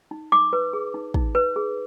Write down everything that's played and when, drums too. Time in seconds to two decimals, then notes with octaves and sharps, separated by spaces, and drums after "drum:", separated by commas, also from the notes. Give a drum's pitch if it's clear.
0.11 D#4
0.32 D#4 D6
0.53 B4
0.73 G#4
0.94 D#4
1.14 D#4, drum: kick
1.35 B4
1.56 G#4